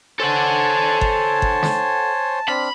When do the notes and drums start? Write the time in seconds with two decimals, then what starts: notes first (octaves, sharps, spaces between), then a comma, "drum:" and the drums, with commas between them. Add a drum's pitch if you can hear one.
0.20 A4 C5 C#5 F#5 G#5 A5
1.01 drum: kick G1
1.42 drum: kick G1
1.63 drum: snare
2.48 C4 D4 B5 F6